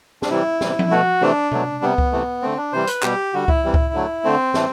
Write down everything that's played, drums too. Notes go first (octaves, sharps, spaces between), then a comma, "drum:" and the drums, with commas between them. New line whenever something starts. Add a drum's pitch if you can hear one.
D4, drum: snare
C3 E3 G3 E4
C3 E3 G3, drum: snare
drum: tom F3
B2 A3 F#4
C3 E3 A3 D4
B2 F#3 A3, drum: tom B2
C3 G3 B3
drum: kick C#2
C3 E3 A3
D3 A3 C4
D4
C3 E3 G3 C5
B4, drum: hi-hat
B2 G3 G4, drum: clap
D3 G3 F#4
E4, drum: kick C#2
C3 E3 G3
drum: kick C#2
D3 F#3 A3
D3 A3 C4
A2 E3 A3, drum: snare